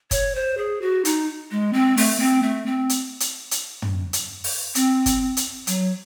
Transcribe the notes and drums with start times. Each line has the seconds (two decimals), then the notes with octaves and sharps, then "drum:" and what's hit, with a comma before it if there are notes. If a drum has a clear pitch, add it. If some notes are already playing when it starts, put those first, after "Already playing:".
0.11 C#5, drum: kick, hi-hat
0.35 C5
0.57 G#4
0.82 F#4
1.05 D#4, drum: hi-hat
1.51 G#3
1.73 C4
1.97 A3, drum: open hi-hat
2.20 C4
2.43 A3
2.66 C4
2.89 drum: hi-hat
3.20 drum: hi-hat
3.51 drum: hi-hat
3.82 drum: tom
4.13 drum: hi-hat
4.44 drum: open hi-hat
4.75 C4, drum: hi-hat
5.06 drum: kick, hi-hat
5.37 drum: hi-hat
5.67 F#3, drum: hi-hat